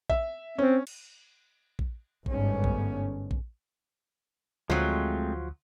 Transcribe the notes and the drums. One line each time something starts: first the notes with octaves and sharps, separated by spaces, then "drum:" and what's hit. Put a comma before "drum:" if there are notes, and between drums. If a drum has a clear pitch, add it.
E5, drum: kick
C4 C#4
drum: cymbal
drum: kick
G1 G#2 G3 A3 B3 C#4, drum: kick
drum: kick
drum: kick
D2 F3 F#3 G#3 A3 C4